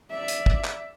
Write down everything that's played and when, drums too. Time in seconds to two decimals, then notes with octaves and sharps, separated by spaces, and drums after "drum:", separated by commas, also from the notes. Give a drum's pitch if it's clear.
0.10 D5 E5
0.28 drum: hi-hat
0.46 drum: kick
0.64 drum: clap